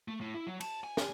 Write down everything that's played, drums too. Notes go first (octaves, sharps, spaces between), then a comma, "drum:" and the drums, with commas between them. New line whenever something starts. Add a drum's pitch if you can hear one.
A3
A2
E4
F#3
A5, drum: cymbal
G#5
drum: snare